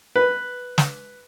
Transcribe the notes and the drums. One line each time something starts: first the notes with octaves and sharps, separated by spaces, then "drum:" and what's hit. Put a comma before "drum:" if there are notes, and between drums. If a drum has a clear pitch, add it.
B4
drum: snare